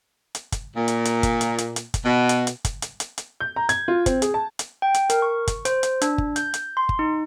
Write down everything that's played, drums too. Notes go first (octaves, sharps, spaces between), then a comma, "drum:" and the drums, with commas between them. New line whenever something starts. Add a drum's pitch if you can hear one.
drum: hi-hat
drum: kick G1, hi-hat
A#2
drum: hi-hat
drum: hi-hat
drum: kick G1, hi-hat
drum: hi-hat
drum: hi-hat
drum: hi-hat
drum: kick G1, hi-hat
B2
drum: hi-hat
drum: hi-hat
drum: kick G1, hi-hat
drum: hi-hat
drum: hi-hat
drum: hi-hat
G6
A#5
G#6, drum: hi-hat
F4
C4, drum: kick G1, hi-hat
G#4, drum: hi-hat
A5
drum: hi-hat
G5
drum: hi-hat
A#4, drum: hi-hat
C#6
drum: kick G1, hi-hat
C5, drum: hi-hat
drum: hi-hat
D4, drum: hi-hat
drum: kick G1
G6, drum: hi-hat
drum: hi-hat
C6
drum: kick G1
D#4